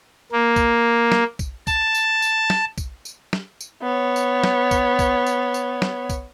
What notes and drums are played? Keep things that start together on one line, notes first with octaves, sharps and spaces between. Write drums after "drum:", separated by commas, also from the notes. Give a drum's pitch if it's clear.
A#3
drum: kick, tambourine
drum: snare
drum: kick, tambourine
A5, drum: kick, tambourine
drum: tambourine
drum: tambourine
drum: snare
drum: kick, tambourine
drum: tambourine
drum: snare
drum: tambourine
B3 C#5
drum: tambourine
drum: snare
drum: kick, tambourine
drum: kick, tambourine
drum: tambourine
drum: tambourine
drum: snare
drum: kick, tambourine